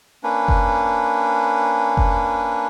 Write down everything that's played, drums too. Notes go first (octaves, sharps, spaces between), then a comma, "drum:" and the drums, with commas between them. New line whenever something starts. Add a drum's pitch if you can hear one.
A#3 C#4 D4 B4
drum: kick F#1
drum: kick F#1